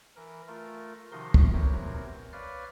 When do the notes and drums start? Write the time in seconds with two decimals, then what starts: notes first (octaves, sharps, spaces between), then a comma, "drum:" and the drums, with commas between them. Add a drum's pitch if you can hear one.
0.16 E3 A#4
0.48 A3 F4 A#4
1.12 C3 D#3 F3 D#4 F#4 C6
1.34 drum: kick
1.53 E2 C3 C4 F#4 A#4 C#5
2.33 B4 C#5 D5 F5 F6